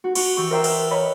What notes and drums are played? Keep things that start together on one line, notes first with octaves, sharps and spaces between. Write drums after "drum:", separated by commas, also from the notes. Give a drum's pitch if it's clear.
F#4
F#4 C#6, drum: cymbal
E3 G4 C#6
A#4 C5 D5 E5 G5
A#4 B4 E5, drum: cymbal
A#4 B4 C#5 D#5 B5